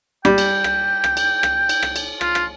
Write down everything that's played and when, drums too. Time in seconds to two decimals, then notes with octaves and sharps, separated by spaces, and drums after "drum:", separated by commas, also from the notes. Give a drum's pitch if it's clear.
0.25 G3 G5, drum: rim click
0.38 drum: cymbal
0.64 drum: rim click
1.04 drum: rim click
1.17 drum: cymbal
1.43 drum: rim click
1.69 drum: cymbal
1.83 drum: rim click
1.96 drum: cymbal
2.21 F4, drum: rim click
2.35 drum: rim click